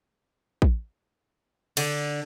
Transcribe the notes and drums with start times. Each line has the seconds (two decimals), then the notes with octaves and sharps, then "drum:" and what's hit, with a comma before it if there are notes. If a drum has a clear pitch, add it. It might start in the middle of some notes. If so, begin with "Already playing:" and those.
0.62 drum: kick
1.77 D3, drum: cymbal